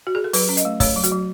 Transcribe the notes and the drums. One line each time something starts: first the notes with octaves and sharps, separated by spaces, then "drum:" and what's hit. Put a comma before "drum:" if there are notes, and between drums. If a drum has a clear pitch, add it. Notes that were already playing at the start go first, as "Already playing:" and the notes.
F#4
G#4
A4
F#3 B4, drum: open hi-hat
C#4
D#5, drum: hi-hat
A3
A3 C#5, drum: kick, open hi-hat
F#3
F#4, drum: hi-hat
F#3